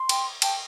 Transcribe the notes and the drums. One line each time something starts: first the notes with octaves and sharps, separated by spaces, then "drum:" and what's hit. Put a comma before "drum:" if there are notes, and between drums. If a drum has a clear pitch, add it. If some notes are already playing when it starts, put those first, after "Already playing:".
Already playing: C6
G5, drum: cymbal
G5 A5, drum: cymbal